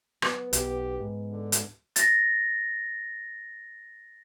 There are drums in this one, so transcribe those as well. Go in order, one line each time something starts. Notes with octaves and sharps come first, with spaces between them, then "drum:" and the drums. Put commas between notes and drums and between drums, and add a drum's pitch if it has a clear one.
B3, drum: rim click
B1 G4, drum: hi-hat
G#2
D3
drum: hi-hat
A6 A#6, drum: hi-hat